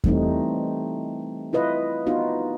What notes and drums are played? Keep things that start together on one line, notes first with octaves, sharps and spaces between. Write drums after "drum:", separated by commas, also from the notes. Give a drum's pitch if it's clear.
E3 G3 A3 C4 D#4, drum: kick E2
E4 F4 B4 D#5
B3 D#4 F4 F#4